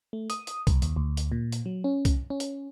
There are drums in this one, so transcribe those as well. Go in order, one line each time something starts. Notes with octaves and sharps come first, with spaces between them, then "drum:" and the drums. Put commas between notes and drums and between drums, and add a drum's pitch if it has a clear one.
A3
D#6, drum: hi-hat
drum: hi-hat
C2, drum: kick C2, hi-hat
D#2, drum: hi-hat
D2
drum: hi-hat
A#2
drum: hi-hat
F#3
C#4
drum: kick C2, hi-hat
C#4
drum: hi-hat